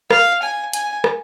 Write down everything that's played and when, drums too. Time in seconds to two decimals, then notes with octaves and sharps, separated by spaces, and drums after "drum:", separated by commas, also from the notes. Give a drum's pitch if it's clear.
0.11 F5, drum: rim click
0.43 G#5
0.73 G#5, drum: hi-hat
1.04 drum: rim click